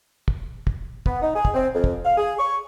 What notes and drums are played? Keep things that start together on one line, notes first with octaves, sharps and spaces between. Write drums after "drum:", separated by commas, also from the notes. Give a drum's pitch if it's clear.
drum: kick
drum: kick
B3, drum: kick
D#4
G#4
drum: kick
C4
F2
drum: kick
F5
G#4
C#6